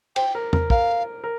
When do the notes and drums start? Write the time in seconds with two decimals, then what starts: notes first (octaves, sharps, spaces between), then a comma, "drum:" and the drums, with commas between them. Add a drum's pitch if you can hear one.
0.16 C5 G5, drum: cymbal
0.35 A#4
0.53 A#4, drum: tom E2
0.70 A#4 F5, drum: kick
1.24 A#4